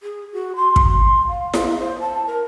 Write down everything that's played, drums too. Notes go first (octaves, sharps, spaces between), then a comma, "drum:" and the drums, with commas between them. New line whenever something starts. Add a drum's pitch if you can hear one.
G#4
F#4
C6
drum: kick
F5
drum: snare E4
C5
A5
A#4